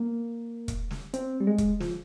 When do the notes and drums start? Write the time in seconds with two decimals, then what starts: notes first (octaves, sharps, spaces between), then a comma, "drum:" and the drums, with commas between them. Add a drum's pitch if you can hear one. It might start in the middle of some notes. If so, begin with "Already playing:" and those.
Already playing: A#3
0.68 drum: kick, hi-hat
0.91 drum: snare
1.14 C4, drum: hi-hat
1.40 G3
1.47 G#3
1.58 drum: kick, hi-hat
1.80 F3, drum: snare